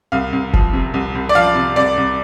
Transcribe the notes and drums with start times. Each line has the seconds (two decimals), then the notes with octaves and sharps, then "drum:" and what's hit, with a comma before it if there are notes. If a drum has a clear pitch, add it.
0.12 C2 F5
0.33 C2
0.53 F3, drum: kick F#1
0.73 C3
0.94 C2
1.15 C2
1.29 D5
1.35 F3 F5
1.55 C3
1.76 C2 D5
1.97 C2